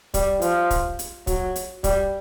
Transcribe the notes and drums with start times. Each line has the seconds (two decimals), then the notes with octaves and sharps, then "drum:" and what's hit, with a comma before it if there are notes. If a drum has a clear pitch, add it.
0.14 G3, drum: kick, hi-hat
0.42 F3, drum: hi-hat
0.71 drum: kick, hi-hat
0.99 drum: hi-hat
1.27 F#3, drum: kick, hi-hat
1.56 drum: hi-hat
1.84 G3, drum: kick, hi-hat